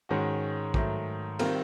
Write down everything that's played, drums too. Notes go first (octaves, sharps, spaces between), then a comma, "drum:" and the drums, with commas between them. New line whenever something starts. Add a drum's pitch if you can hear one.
G#2 D#3 G#3 C#4 F#4
G#2 D#3 F#3 A3, drum: kick A#1
D#3 G3 C4 F4 A#4, drum: cymbal